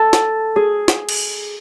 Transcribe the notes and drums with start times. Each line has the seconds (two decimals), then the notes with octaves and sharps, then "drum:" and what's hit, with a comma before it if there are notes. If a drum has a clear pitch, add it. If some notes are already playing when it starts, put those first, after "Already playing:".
Already playing: A4
0.13 drum: snare
0.56 G#4
0.88 drum: snare
1.09 drum: cymbal